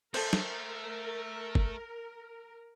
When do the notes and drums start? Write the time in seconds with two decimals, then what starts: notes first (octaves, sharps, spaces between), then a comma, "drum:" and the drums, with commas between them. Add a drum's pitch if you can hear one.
0.14 A3 A4 A#4 C5, drum: cymbal
0.33 drum: snare
1.55 drum: kick G1